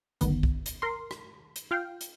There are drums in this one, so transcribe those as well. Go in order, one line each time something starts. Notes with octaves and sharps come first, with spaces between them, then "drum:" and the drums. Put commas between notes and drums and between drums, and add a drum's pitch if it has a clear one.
G1 D2 D#3 B3, drum: hi-hat
drum: kick B1
drum: hi-hat
A#4 C6
drum: rim click
drum: hi-hat
F4 F5 G5
drum: hi-hat